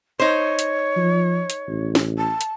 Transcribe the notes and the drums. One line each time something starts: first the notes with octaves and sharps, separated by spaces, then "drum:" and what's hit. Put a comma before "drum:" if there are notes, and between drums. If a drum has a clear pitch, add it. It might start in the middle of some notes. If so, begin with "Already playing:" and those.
D#4 C5 C#5
drum: hi-hat
F3
drum: hi-hat
A1
drum: snare
A5
drum: hi-hat